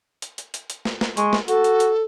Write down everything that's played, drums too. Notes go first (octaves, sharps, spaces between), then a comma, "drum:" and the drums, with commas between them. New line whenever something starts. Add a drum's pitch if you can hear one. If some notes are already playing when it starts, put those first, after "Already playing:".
drum: hi-hat
drum: hi-hat
drum: hi-hat
drum: hi-hat
drum: snare
drum: snare
G#3 C#6, drum: hi-hat
drum: snare
F#4 A4, drum: hi-hat
drum: hi-hat
drum: hi-hat